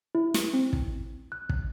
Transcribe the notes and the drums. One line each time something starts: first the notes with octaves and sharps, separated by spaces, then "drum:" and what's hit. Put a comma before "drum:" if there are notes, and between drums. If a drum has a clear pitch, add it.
E4
drum: snare
C4
drum: kick
F#6
drum: kick